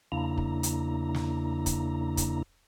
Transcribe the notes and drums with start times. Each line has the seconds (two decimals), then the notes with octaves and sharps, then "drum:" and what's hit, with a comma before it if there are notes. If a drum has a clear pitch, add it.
0.12 E2 C#3 A#3 D4 E4 A#5
0.37 drum: kick
0.63 drum: hi-hat
1.15 drum: snare
1.66 drum: kick, hi-hat
2.17 drum: kick, hi-hat